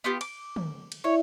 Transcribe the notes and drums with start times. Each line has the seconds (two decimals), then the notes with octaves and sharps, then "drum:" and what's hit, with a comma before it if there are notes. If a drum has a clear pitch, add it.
0.04 B3 F4 G4
0.21 D6, drum: cymbal
0.56 drum: tom
0.92 drum: cymbal
1.04 E4 C#5 D5 E5